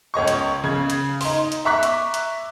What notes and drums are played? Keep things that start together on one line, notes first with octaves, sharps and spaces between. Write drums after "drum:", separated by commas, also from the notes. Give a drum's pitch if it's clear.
C#2 C#5 D#5 C#6
drum: hi-hat
C#3 G#6
drum: hi-hat
D#4 C6, drum: open hi-hat
drum: hi-hat
E5 A#5 C#6 D6 F#6 B6
drum: hi-hat
drum: hi-hat